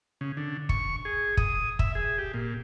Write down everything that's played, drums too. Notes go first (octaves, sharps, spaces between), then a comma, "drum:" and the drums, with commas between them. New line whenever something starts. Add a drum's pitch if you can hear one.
C#3
D3
C#6, drum: kick
G#4
D#6, drum: kick
E5, drum: kick
G#4
G4
A#2